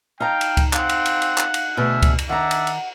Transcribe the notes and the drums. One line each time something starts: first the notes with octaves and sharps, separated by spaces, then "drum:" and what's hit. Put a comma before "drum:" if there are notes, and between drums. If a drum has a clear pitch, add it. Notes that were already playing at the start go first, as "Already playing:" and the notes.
D#4 F5 G5 A5 A#5
drum: cymbal
drum: kick C#2, cymbal
C4 F5 F#5, drum: clap
drum: cymbal
drum: cymbal
drum: cymbal
drum: clap
drum: cymbal
D2 B2 G#4 E5 F6
drum: kick C#2, cymbal
drum: cymbal
D#3 D4 E5 F#5 A#5
drum: cymbal
drum: cymbal